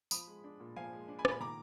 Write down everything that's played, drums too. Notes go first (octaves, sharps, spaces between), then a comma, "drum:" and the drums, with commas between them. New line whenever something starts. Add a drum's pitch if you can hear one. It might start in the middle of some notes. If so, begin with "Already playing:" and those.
F3 B5 D#6, drum: tambourine
G#3
D4
A#2
F3 F5 G#5
G#3
D4
G#5 B5
A#2, drum: rim click
B5
D#3 A#5 D6